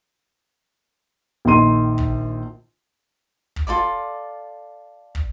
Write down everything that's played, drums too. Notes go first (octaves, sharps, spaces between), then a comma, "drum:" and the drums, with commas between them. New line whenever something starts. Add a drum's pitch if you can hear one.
A#1 D#3 D#4 C6 D#7
drum: kick
drum: kick
F4 A4 D5 D6
drum: kick